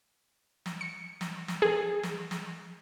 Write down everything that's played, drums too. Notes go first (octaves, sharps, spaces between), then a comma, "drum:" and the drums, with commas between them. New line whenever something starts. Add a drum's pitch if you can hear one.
drum: snare
C#7
drum: snare
drum: snare
G#4
drum: snare
drum: snare